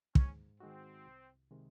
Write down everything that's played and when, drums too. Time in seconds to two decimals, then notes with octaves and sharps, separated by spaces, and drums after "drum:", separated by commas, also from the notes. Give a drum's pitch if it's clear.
0.15 G#2 C#4, drum: kick
0.60 D#3 G#3 C4 D#4 F#4
1.06 C2
1.51 C3 D#3 G#3